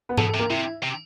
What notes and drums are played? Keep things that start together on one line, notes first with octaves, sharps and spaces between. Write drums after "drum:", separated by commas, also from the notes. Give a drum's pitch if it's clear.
B3 B4
B2 A4, drum: tom G#2
A4
C3
A#3 A#4
C3 E4 E5
C3